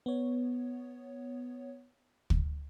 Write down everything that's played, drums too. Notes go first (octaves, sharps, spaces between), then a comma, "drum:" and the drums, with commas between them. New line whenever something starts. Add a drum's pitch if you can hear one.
B3 C#5
drum: kick